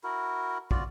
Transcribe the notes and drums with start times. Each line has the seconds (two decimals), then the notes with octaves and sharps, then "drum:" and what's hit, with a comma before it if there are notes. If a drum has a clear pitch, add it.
0.04 E4 F#4 A#4
0.71 F4 F#4 D5, drum: kick